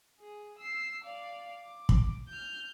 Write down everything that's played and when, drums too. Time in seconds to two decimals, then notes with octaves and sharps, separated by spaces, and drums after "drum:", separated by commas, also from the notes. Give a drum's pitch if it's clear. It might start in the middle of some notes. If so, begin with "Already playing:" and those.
0.20 G#4
0.59 E6 C7
1.04 D5 F5
1.62 D6
1.89 drum: kick
2.29 F6 G6